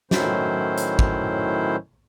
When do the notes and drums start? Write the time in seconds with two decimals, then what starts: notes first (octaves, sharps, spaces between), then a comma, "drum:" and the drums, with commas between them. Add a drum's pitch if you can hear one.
0.11 A2 D#3 F#3 C#4 E4 C5, drum: snare
0.77 drum: hi-hat
0.99 drum: kick